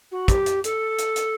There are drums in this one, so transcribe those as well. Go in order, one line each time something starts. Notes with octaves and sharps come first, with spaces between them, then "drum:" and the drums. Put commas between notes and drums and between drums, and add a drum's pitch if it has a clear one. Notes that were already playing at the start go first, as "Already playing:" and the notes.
F#4
G4, drum: kick, hi-hat
drum: hi-hat
A4, drum: hi-hat
drum: hi-hat
drum: hi-hat